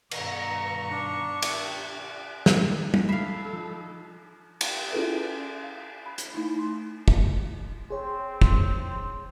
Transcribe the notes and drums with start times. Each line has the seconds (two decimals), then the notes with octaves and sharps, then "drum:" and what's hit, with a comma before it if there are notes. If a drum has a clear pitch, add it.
0.11 G2 B2 D#3 A#5 C#6, drum: cymbal
0.91 D4
1.42 drum: cymbal
2.46 drum: snare
2.94 drum: tom
3.09 A4 E5 F5 B5 B6 C7
3.53 F3 D#4
4.61 drum: cymbal
4.92 C#4 E4 F4 G#4 A4 B4
5.63 F5
6.06 B5
6.18 drum: hi-hat
6.34 A3 D#4 E4
6.59 C6
7.08 drum: kick
7.90 C4 G#4 C5 C#5
8.42 drum: kick